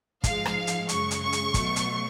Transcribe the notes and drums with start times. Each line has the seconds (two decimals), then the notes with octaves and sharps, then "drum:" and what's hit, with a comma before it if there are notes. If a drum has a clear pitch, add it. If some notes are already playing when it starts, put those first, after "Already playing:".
0.24 G#2 F3 G#3 F5, drum: kick, hi-hat
0.45 drum: rim click
0.67 drum: hi-hat
0.89 F#2 C#3 G#3 C#6, drum: hi-hat
1.11 drum: hi-hat
1.21 C#6
1.32 drum: hi-hat
1.54 B2 F#3 A3, drum: kick, hi-hat
1.76 drum: hi-hat